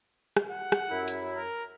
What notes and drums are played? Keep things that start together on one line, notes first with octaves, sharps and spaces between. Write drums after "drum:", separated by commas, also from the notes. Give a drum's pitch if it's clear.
drum: rim click
F#5
drum: rim click
F#2 E4
drum: hi-hat
A#4